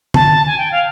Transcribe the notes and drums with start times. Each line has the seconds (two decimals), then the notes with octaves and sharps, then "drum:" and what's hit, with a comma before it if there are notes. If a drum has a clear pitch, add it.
0.14 A5, drum: tom
0.46 G#5
0.57 G5
0.71 F5